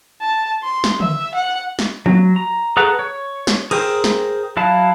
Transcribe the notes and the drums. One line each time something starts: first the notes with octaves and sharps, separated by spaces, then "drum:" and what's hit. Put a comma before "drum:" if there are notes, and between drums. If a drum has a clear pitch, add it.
A5
C6
drum: snare
E5, drum: tom
F#5
drum: snare
F#3, drum: tom
A#5
G#4 A4 B4 F#5 A#5
C#5
drum: snare
G#4 A#4 C5 G5 E6, drum: cymbal
drum: snare
F#3 E4 F5 A5